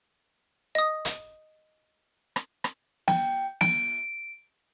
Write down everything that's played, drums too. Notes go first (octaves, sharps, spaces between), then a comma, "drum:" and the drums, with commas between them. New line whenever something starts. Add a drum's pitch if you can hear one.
D#5 D#6
drum: hi-hat
drum: rim click
drum: rim click
G5, drum: snare
D7, drum: snare